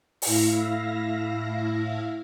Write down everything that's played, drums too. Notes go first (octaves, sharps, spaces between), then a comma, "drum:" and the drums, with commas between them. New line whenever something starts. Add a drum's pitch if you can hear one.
A2 E4 E5 F5 A#6, drum: open hi-hat